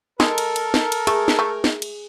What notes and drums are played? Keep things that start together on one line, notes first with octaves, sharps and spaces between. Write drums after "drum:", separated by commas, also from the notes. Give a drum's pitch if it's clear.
G#3 A4 A#4, drum: snare
drum: cymbal
drum: cymbal
drum: snare
drum: cymbal
A3 G#4, drum: cymbal
drum: snare
A3
drum: snare
drum: cymbal